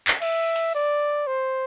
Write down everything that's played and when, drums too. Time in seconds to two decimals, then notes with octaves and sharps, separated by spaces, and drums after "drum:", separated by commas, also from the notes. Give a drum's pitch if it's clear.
0.08 drum: clap
0.22 E5, drum: cymbal
0.56 drum: hi-hat
0.75 D5
1.27 C5